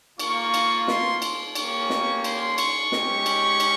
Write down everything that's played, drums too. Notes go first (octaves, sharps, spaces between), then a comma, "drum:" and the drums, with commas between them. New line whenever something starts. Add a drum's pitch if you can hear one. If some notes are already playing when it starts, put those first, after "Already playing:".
A#3 F4 C#6, drum: cymbal
drum: cymbal
C6, drum: snare
drum: cymbal
A#3 C#4 G4 C#6, drum: cymbal
drum: snare
C6, drum: cymbal
C#6, drum: cymbal
G#3 C#4 G4, drum: snare
drum: cymbal
drum: cymbal